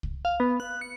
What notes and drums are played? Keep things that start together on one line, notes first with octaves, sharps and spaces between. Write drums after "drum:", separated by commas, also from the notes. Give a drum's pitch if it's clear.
drum: kick C2
F5
B3
F#6
C#7